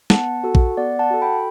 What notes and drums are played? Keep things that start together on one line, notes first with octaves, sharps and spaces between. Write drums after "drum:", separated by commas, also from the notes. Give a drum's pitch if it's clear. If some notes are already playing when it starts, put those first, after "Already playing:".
B3 F#5 A5, drum: snare
F#4 A4
drum: kick A#1
B3 D5 F#5
F#5 A5
F#4 A4
G5 B5